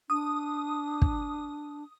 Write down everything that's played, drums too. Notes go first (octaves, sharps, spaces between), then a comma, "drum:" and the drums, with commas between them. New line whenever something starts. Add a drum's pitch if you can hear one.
D4 D#6
drum: kick